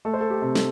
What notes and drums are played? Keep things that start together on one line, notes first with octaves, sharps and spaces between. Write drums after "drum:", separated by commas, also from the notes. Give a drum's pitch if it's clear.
A3 A4
C5
A4
G4
C3
A4, drum: snare